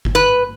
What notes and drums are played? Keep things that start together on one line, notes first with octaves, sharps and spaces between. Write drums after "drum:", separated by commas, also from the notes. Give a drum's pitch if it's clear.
drum: kick G1
B4